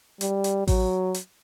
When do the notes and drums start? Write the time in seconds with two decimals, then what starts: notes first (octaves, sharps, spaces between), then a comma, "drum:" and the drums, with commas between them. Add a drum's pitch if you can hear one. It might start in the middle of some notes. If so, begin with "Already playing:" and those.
0.21 G3, drum: hi-hat
0.44 drum: hi-hat
0.68 F#3, drum: kick A1, open hi-hat
1.14 drum: hi-hat